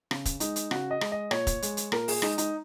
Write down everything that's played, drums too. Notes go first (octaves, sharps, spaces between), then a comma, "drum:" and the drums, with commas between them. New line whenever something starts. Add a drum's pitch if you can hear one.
C#3, drum: rim click
drum: kick, hi-hat
G#3 D#4, drum: hi-hat
drum: hi-hat
C#3 F#4, drum: rim click
D#5
G#3, drum: rim click
D#5
A#2 C#5, drum: rim click
drum: kick, hi-hat
G#3, drum: hi-hat
drum: hi-hat
A#2 A#4, drum: rim click
G#4, drum: open hi-hat
G#3 D#4, drum: rim click
D#4, drum: hi-hat